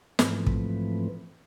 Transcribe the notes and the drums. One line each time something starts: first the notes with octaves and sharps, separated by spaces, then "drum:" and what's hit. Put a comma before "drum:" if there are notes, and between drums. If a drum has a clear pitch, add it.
G#2 E3 F3 A3 C4 B4, drum: snare
drum: kick